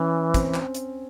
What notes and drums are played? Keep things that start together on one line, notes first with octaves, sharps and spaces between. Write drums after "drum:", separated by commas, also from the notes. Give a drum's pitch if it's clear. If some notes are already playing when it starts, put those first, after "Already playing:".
Already playing: E3 C#4
C4, drum: kick, hi-hat
drum: clap
drum: hi-hat